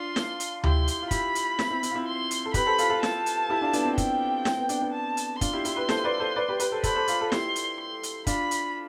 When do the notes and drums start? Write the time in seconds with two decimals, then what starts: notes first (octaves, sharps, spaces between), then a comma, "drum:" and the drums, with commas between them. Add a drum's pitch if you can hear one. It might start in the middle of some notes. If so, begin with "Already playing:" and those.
Already playing: D4 F4 C6
0.16 drum: snare
0.40 drum: hi-hat
0.64 E4 G4 C6, drum: tom D2
0.88 drum: hi-hat
1.02 F4
1.11 E4 G4 B5, drum: kick, hi-hat
1.35 drum: hi-hat
1.59 C4 E4, drum: snare
1.70 C4 E4
1.83 C4 E4, drum: hi-hat
1.91 F4
1.95 C4 E4
2.07 C6
2.31 drum: hi-hat
2.45 A4
2.54 G4 B4 B5, drum: kick, hi-hat
2.66 A4 C5
2.78 F4 A4, drum: hi-hat
2.90 F4 A4
3.03 A5, drum: snare
3.26 drum: hi-hat
3.49 E4 G4
3.61 D4 F4
3.73 B3 D4, drum: hi-hat
3.85 C4
3.98 G5, drum: kick, hi-hat
4.45 C4, drum: snare
4.58 B3
4.69 B3 D4, drum: hi-hat
4.81 B3 D4
4.93 A5
5.17 drum: hi-hat
5.41 D4 F4 C6, drum: kick, hi-hat
5.53 E4 G4
5.65 E4 G4, drum: hi-hat
5.76 G4 B4
5.89 A4 C5, drum: snare
6.04 B4 D5
6.20 A4 C5
6.36 B4 D5
6.49 G4 B4
6.60 G4 B4, drum: hi-hat
6.72 A4 C5
6.83 A4 C5 B5, drum: kick, hi-hat
6.96 A4 C5
7.08 F4 A4, drum: hi-hat
7.21 A4
7.32 E4 G4 C6, drum: snare
7.56 drum: hi-hat
7.80 C6
8.03 drum: hi-hat
8.27 D4 F4 B5, drum: kick, hi-hat
8.51 drum: hi-hat